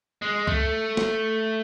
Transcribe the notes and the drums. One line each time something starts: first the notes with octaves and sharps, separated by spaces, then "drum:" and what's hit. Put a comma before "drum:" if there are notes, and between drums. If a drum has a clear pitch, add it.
G#3
A3, drum: kick C#2
drum: snare